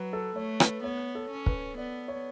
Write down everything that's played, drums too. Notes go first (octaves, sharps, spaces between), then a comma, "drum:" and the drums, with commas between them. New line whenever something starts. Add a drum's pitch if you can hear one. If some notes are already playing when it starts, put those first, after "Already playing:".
Already playing: F#3 B4
A4
A3 C#5
B4, drum: rim click
B3 C#5
A4
C#4
B4, drum: kick
B3 D5
C#5